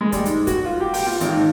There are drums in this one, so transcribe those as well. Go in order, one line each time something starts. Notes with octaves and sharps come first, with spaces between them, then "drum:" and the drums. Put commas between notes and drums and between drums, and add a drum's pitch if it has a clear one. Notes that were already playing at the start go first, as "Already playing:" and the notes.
G#3
G3, drum: kick, hi-hat
G#2, drum: hi-hat
F#4, drum: kick, hi-hat
F4
G4
G5, drum: open hi-hat
F4, drum: snare
G#1, drum: hi-hat
G#2